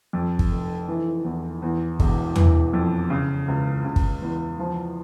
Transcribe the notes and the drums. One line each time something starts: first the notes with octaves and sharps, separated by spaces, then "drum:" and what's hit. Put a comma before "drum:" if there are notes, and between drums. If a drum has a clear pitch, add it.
F2
drum: kick
F1
E3
E2
E2
E1, drum: kick
E3, drum: tom E2
F2
C#3
C#2
C#3
drum: kick
E2
F3